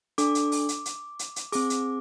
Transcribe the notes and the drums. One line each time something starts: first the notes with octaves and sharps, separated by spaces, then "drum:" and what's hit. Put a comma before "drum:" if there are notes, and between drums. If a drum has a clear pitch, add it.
D4 A4 D6, drum: hi-hat
drum: hi-hat
drum: open hi-hat
drum: hi-hat
drum: hi-hat
drum: hi-hat
drum: hi-hat
C4 G#4 D6, drum: open hi-hat
drum: hi-hat